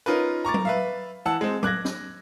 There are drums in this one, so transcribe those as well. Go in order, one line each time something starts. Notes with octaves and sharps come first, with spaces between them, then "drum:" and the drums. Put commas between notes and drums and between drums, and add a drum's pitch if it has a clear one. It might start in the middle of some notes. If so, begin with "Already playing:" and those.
C#4 D#4 F4 A#4 B4
A#5 C#6 D6 A6
drum: tom F#3
B4 E5 F5
E3 F#5 A5 E6
G#3 C4
D6 F#6 G#6 A#6, drum: tom F#3
drum: snare